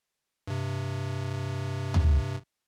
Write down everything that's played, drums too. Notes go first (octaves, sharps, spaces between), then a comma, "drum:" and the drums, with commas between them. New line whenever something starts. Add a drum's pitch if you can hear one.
G2 C3
drum: tom